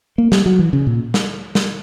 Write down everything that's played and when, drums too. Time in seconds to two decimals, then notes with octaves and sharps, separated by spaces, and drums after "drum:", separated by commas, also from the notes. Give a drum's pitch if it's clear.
0.18 A#3
0.32 G3, drum: snare
0.46 F#3
0.59 E3
0.73 C#3
0.87 A#2
1.14 drum: snare
1.55 drum: snare